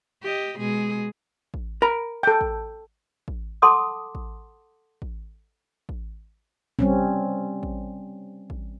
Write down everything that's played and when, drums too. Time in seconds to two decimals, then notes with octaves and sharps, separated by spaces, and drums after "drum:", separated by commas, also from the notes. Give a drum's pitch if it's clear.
0.23 G4 D#5
0.58 B2 G#3 G#4
1.54 drum: kick A1
1.82 A#4 B5
2.23 A4 G5
2.41 drum: kick A1
3.28 drum: kick A1
3.62 A4 F#5 A5 C6 D6 D#6
4.15 drum: kick A1
5.02 drum: kick A1
5.89 drum: kick A1
6.79 G3 C4 C#4, drum: kick A1
7.63 drum: kick A1
8.50 drum: kick A1